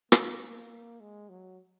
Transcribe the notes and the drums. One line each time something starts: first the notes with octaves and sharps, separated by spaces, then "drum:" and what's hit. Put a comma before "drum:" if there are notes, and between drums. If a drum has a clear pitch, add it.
A#3, drum: rim click
A#3
G#3
F#3